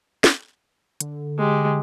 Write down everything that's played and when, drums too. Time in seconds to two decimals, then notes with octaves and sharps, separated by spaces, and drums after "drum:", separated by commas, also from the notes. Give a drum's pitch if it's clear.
0.24 drum: snare
1.01 D3, drum: hi-hat
1.38 G#3 G4